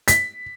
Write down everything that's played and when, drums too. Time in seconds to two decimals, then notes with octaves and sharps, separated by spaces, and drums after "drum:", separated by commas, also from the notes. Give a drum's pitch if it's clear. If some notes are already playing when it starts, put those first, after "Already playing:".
0.08 B6, drum: hi-hat